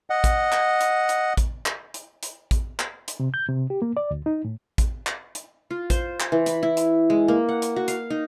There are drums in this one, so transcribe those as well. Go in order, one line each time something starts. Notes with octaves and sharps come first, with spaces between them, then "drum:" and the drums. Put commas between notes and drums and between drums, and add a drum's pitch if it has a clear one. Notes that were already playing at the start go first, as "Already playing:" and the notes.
D#5 F#5
drum: kick A1, hi-hat
drum: clap
drum: hi-hat
drum: hi-hat
drum: kick A1, hi-hat
drum: clap
drum: hi-hat
drum: hi-hat
drum: kick A1, hi-hat
drum: clap
drum: hi-hat
C3
G6
C3
G4
A#3
D5
D2
D#4
A2
drum: kick A1, hi-hat
drum: clap
drum: hi-hat
F4
C5, drum: kick A1, hi-hat
drum: clap
E3
B5, drum: hi-hat
E4
drum: hi-hat
G#3
A#3
F#5
drum: hi-hat
F#4
F5, drum: hi-hat
D#4